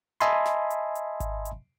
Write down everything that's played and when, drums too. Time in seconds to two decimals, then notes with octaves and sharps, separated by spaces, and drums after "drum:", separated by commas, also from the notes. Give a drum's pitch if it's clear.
0.20 D#5 E5 G#5 A5 B5 C6, drum: hi-hat
0.45 drum: snare
0.70 drum: hi-hat
0.95 drum: hi-hat
1.20 drum: kick G#1, hi-hat
1.45 drum: hi-hat